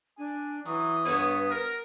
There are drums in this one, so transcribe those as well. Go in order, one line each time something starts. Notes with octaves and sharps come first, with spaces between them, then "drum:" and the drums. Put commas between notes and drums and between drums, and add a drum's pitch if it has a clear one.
D4 G#5
E3 F#3 D#6, drum: hi-hat
G2 B3 C#5, drum: open hi-hat
A#4